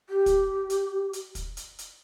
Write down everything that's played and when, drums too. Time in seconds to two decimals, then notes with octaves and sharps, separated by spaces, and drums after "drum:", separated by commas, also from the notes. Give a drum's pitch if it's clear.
0.10 G4
0.26 drum: kick, hi-hat
0.70 drum: hi-hat
1.13 drum: hi-hat
1.35 drum: kick, hi-hat
1.57 drum: hi-hat
1.79 drum: hi-hat